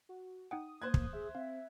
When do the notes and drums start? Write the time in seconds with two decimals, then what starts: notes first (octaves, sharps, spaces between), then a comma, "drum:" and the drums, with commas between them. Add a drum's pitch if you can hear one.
0.09 F#4
0.51 D#4 F#5 G5 D#6
0.82 A#3 C5 F#6 G#6
0.94 drum: kick
1.13 G#4 E5
1.35 C4 E5 F5